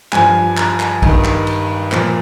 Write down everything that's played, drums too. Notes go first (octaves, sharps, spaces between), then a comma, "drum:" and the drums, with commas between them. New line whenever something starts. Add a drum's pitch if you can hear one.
G2 F3 G#5, drum: clap
A#5, drum: clap
drum: clap
G2 D#3, drum: kick, cymbal
drum: clap
drum: cymbal
A#2 F3, drum: clap